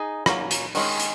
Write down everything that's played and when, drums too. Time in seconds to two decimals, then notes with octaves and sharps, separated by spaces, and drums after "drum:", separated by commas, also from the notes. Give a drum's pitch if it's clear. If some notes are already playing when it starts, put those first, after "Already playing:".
Already playing: D#4 G#4
0.26 F#3 A#3 C#4, drum: rim click
0.51 drum: hi-hat
0.75 D#3 G#3 C#4, drum: open hi-hat
1.00 drum: hi-hat